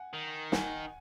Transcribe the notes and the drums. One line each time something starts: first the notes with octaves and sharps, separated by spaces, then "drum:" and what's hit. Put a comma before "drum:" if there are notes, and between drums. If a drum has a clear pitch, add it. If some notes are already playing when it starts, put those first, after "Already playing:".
Already playing: F#5 G#5
D#3
F#5 G#5, drum: snare